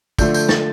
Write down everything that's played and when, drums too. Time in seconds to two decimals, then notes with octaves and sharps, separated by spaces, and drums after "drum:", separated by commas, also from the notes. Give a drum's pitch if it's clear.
0.19 D3 F3 A3 G6, drum: kick, tambourine
0.34 G6, drum: tambourine
0.49 A6, drum: snare